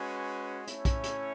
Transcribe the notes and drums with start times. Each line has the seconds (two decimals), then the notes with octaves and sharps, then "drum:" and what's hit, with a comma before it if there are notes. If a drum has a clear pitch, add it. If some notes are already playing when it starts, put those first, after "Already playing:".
Already playing: G#3 C#4 F#4 B4
0.67 A3 C#4 E4 C#5, drum: hi-hat
0.85 drum: kick, hi-hat
1.03 drum: hi-hat